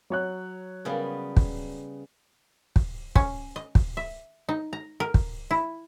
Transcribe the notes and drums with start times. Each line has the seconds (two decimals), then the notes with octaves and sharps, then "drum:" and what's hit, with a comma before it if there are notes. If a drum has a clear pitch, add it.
0.10 F#3 C#5 F#6
0.85 C#3 G3 B3
1.37 drum: kick
2.76 drum: kick
3.15 C#4, drum: kick
3.56 D#5
3.75 drum: kick
3.97 E5
4.49 D#4
4.73 A#5
5.00 A#4
5.14 drum: kick
5.51 E4